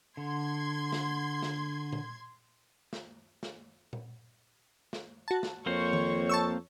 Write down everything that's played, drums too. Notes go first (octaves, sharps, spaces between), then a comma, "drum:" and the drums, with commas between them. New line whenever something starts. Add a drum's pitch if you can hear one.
D3 C6 G#6
drum: snare
drum: snare
drum: tom A#2
drum: snare
drum: snare
drum: tom A#2
drum: snare
F#4 A5
drum: snare
F2 A#3 C4 C5 C#5 C#6
drum: tom D#3
A5 C#6 E6